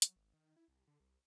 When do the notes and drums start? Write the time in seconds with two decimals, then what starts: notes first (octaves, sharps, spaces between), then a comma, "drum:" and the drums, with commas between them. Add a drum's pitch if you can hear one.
0.02 F#3, drum: hi-hat
0.16 G#1
0.33 D#3
0.56 E4
0.68 C2
0.87 D3
1.00 C2